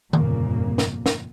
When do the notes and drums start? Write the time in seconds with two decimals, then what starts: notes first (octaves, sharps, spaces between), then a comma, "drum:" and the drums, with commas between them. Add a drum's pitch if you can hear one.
0.13 G1 F2 A#2 C#3 A#3, drum: tom D#3
0.78 drum: snare
1.06 drum: snare